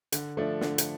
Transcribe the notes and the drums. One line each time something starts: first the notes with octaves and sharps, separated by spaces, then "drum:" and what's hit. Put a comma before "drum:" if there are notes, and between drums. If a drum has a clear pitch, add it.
D3, drum: hi-hat
F3 A3 D4
D3, drum: snare
drum: hi-hat